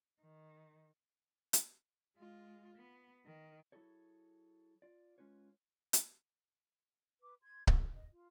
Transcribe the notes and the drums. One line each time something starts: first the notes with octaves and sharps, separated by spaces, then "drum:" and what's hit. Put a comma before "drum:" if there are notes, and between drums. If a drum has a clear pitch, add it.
D#3
drum: hi-hat
G#3 F4
B3
D#3
F#3 E4 F#4 G#4 A4 C#5
F4 D5
G#3 C#4 F4 B4 C#5
drum: hi-hat
B4 D6
C6 G#6
F#4 A4, drum: kick C#1
D#5
F4